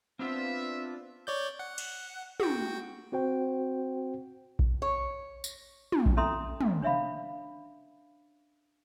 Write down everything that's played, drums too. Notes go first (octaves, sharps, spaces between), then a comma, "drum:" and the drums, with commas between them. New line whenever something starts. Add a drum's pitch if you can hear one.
B3 C4 D4 F4 E5
C#5 D5 G6
F#5
drum: cymbal
F#4 G5, drum: tom
C4 F#4 C5 G5
drum: kick A#1
C#5
drum: tambourine
drum: tom
drum: kick A#1
C#4 A4 E5 A#5 C6 D#6
drum: tom
D4 C#5 E5 F5 B5